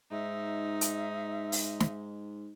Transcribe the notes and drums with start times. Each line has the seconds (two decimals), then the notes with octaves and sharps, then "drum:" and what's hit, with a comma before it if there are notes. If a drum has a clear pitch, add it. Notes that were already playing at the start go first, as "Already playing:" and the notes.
0.11 G#2 D#4 E5
0.81 drum: hi-hat
1.52 drum: open hi-hat
1.80 drum: snare